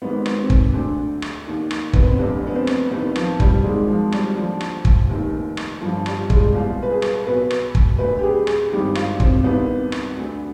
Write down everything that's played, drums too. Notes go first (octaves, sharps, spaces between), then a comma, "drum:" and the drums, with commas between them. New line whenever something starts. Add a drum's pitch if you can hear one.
G#1 G#2 D#3 B3
drum: rim click
C4
drum: kick
D2 D3 D4
drum: rim click
D#2 D#3
drum: rim click
B3, drum: kick
C4
F1 F2 D3 D4
B3
C4
drum: rim click
C2 C3 D#3 B3
F3, drum: rim click
G3, drum: kick
G#1 G#2 D#3 G#3
F3
G3, drum: rim click
D#2 D3 F3
drum: rim click
drum: kick
F1 D#2 D#3
drum: rim click
G1 G2 D3 F3
G3, drum: rim click
G#3, drum: kick
C2 B2 F4
B4
G#4
drum: rim click
B1 B2 B4
drum: rim click
drum: kick
D2 D3 B4
G4
G#4
G#4, drum: rim click
G#1 G2 D#3 G4
F4, drum: rim click
C4, drum: kick
C2 C3 D#3 B3
drum: rim click
D2 D3